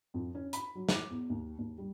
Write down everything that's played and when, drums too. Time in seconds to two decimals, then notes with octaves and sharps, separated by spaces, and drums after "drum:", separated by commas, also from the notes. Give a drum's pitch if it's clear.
0.14 F2
0.35 C#4
0.53 B5, drum: hi-hat
0.75 F#3
0.89 D6, drum: snare
1.10 E2
1.30 D#2
1.59 D#2
1.78 G3